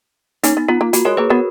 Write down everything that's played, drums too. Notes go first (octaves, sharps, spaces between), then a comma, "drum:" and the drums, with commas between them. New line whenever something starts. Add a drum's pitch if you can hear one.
A#3 C#4 D#4, drum: hi-hat
B3
B3 F4
A#3
A#3 F#4, drum: hi-hat
G#3 A#4 C#5
A#3 G#4 B4
B3 F#4 A#4